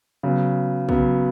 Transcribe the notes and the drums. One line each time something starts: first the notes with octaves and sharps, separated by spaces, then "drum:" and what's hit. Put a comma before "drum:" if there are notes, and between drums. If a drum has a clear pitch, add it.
C#3 F#3 B3
C#3 F#3 B3, drum: kick